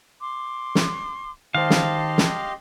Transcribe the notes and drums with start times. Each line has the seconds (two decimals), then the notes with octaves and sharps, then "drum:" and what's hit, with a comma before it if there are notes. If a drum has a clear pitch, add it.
0.21 C6 D6
0.75 drum: snare
1.55 D#3 G4 C5 D#5 F5 A5 C6
1.70 drum: snare
2.18 drum: snare